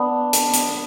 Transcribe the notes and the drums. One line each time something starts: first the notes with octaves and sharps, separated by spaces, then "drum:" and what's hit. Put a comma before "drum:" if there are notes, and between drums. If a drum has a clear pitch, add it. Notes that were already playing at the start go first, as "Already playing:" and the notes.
Already playing: B3 D4
drum: hi-hat
drum: hi-hat